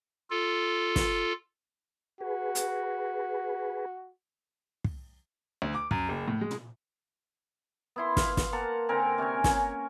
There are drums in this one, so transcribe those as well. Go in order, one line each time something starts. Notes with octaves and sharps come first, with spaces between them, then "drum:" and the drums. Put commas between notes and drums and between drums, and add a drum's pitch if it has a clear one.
F4 A4
drum: snare
F#4 G#4 B4
drum: hi-hat
drum: kick
D2
D6
F#2, drum: kick
F#1
A2
G#3
drum: tom
B3 E4 C6
F5, drum: snare
drum: snare
A#3 F#5 A5 A#5
D3 C4 A#4 G#5
C3 C#4 C#5 G#5
C#4, drum: snare